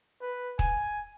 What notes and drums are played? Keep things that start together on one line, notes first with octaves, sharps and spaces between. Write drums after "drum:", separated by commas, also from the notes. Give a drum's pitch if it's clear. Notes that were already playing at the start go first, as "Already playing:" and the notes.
B4
G#5, drum: kick